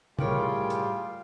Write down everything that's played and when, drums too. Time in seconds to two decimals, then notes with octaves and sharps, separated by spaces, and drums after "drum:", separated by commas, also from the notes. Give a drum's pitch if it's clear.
0.19 A2 G3 F4 G#4 A#4 C#5 G5 D6, drum: tom
0.70 drum: hi-hat